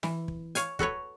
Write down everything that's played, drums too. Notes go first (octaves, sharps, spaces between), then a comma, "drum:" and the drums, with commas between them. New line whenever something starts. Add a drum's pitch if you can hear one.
E3, drum: snare
drum: kick
C#5 F5 G#5, drum: hi-hat
F#4 A4 B4 C#5, drum: kick